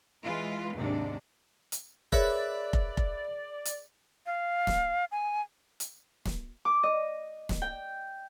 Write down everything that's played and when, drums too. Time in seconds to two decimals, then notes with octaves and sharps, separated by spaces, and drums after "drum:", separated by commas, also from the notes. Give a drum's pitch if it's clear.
0.23 E3 G#3 F4 B4
0.74 D#2 G#2 C3 D4
1.72 drum: hi-hat
2.12 G#4 A#4 B4 C#5 D5 E5, drum: kick F1
2.73 drum: kick F1
2.97 drum: kick F1
3.65 drum: hi-hat
4.26 F5
4.67 drum: snare
5.12 G#5
5.80 drum: hi-hat
6.25 drum: snare
6.65 D6
6.83 D#5
7.49 drum: snare
7.62 G5